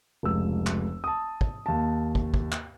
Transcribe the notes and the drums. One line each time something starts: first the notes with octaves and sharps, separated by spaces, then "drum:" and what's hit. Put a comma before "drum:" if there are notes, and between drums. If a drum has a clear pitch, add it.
F1 C#2 E6
drum: clap
A5 D#6
drum: kick
D#2 A5
drum: kick
drum: kick
drum: clap